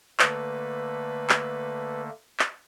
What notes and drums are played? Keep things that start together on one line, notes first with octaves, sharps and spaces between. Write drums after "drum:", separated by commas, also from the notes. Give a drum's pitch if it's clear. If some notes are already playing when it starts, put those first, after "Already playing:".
D3 A3 A#3 B4, drum: clap
drum: clap
drum: clap